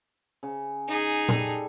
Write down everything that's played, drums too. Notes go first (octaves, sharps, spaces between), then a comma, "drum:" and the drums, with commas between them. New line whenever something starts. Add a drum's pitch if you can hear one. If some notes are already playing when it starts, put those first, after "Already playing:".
C#3
D#4 G#4
G3 A4, drum: tom A#2